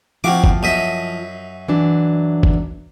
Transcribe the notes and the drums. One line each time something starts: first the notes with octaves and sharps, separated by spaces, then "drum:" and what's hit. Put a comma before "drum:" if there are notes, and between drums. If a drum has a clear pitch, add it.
F3 C4 E4 F#4 F5 D6
drum: kick
F#2 D#5 E5
E3 F#3 D4
drum: kick